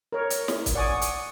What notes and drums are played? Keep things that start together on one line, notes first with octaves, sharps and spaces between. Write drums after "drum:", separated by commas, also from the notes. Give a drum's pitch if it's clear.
A#4 C#5
drum: hi-hat
drum: snare
drum: kick, hi-hat
D5 F#5 G#5 C#6 D#6
drum: hi-hat